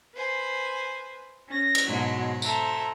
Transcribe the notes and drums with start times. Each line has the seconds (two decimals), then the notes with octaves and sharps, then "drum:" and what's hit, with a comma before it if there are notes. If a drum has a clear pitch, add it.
0.16 B4 C5 G#5
1.47 C#4 A#6
1.75 drum: cymbal
1.85 G#2 B2 F#3 G#3
2.42 A4 C5 E5 A#5, drum: tambourine